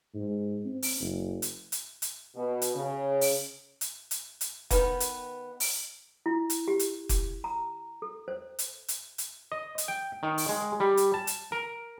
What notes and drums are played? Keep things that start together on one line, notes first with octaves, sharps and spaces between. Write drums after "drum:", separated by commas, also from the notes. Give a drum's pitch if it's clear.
G#2
C4
drum: open hi-hat
F#1
drum: hi-hat
drum: hi-hat
drum: hi-hat
B2
drum: hi-hat
C#3
drum: open hi-hat
drum: hi-hat
drum: hi-hat
drum: hi-hat
D#3 B3, drum: kick F1, hi-hat
drum: hi-hat
drum: open hi-hat
E4
drum: hi-hat
G4
drum: hi-hat
drum: kick F1, hi-hat
A#5
A4
C5
drum: hi-hat
drum: hi-hat
drum: hi-hat
D#5
drum: hi-hat
G5
D#3
drum: open hi-hat
G#3
G3
drum: hi-hat
A5
drum: hi-hat
A#4